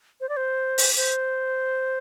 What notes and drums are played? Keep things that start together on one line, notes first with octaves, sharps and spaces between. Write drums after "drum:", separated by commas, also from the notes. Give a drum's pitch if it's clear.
C5
D5
C5
drum: open hi-hat
C5